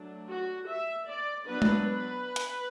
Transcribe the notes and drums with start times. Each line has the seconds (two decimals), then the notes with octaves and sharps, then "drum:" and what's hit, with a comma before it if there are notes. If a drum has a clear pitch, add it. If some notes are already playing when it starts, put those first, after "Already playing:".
Already playing: F#3 A3 D4
0.29 F#4
0.69 E5
1.08 D5
1.47 F#3 B3 D4 B4
1.62 drum: tom G#3
1.87 B4
2.36 drum: hi-hat